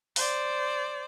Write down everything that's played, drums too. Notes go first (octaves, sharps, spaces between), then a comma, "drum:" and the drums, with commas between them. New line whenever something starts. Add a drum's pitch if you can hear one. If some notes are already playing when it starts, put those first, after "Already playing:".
C5 D5, drum: open hi-hat